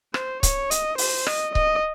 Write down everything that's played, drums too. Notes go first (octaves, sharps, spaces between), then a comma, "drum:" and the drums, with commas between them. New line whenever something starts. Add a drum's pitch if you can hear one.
C5, drum: rim click
C#5, drum: kick C#1, hi-hat
D#5, drum: hi-hat
C5, drum: open hi-hat
D#5, drum: rim click
D#5, drum: kick C#1